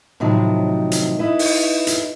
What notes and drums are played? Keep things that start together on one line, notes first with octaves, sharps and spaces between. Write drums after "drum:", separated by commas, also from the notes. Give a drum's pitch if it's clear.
A2 C3 D#3 F3 F#3
drum: hi-hat
D#4 E4 B4
drum: open hi-hat
drum: hi-hat